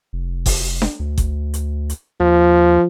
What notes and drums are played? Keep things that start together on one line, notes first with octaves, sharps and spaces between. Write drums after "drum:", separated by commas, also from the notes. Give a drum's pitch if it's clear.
F1
drum: kick G1, open hi-hat
drum: snare D4
D2
drum: kick G1, hi-hat
drum: hi-hat
drum: hi-hat
D#2 F3